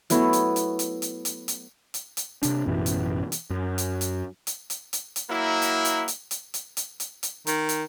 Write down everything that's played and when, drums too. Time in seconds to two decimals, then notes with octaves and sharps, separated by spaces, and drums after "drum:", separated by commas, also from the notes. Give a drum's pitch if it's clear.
0.10 F#3 A3 B3 E4, drum: hi-hat
0.33 drum: hi-hat
0.56 drum: hi-hat
0.79 drum: hi-hat
1.02 drum: hi-hat
1.25 drum: hi-hat
1.48 drum: hi-hat
1.94 drum: hi-hat
2.17 drum: hi-hat
2.43 C3 D4, drum: hi-hat
2.66 A1 F#2 B2 E3
2.86 drum: hi-hat
3.32 drum: hi-hat
3.50 F#2
3.78 drum: hi-hat
4.01 drum: hi-hat
4.47 drum: hi-hat
4.70 drum: hi-hat
4.93 drum: hi-hat
5.16 drum: hi-hat
5.30 F#3 A#3 E4
5.62 drum: hi-hat
5.85 drum: hi-hat
6.08 drum: hi-hat
6.31 drum: hi-hat
6.54 drum: hi-hat
6.77 drum: hi-hat
7.00 drum: hi-hat
7.23 drum: hi-hat
7.47 D#3, drum: hi-hat
7.69 drum: hi-hat